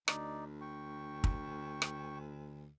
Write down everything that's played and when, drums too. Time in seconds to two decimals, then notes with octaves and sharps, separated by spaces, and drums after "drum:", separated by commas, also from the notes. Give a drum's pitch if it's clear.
0.08 D2 D#4 D5, drum: rim click
0.61 G5 C#6
1.24 drum: kick
1.82 drum: rim click